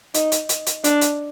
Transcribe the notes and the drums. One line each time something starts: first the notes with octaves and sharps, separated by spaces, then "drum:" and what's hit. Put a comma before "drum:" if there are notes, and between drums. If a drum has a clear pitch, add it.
D#4, drum: hi-hat
drum: hi-hat
drum: hi-hat
drum: hi-hat
D4, drum: hi-hat
drum: hi-hat